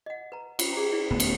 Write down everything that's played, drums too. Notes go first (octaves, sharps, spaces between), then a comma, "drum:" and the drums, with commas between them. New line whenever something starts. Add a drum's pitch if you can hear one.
D#5 F#5
B4 A#5
F4, drum: cymbal
G#4 A#5
E4 D5
D1 A2 B3
drum: cymbal